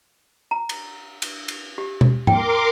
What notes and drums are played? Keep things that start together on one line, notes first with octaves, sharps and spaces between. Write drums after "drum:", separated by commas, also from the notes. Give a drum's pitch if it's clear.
A#5
drum: cymbal
drum: cymbal
drum: cymbal
G4
drum: tom B2
A#4 G5 C6 D6, drum: tom G#2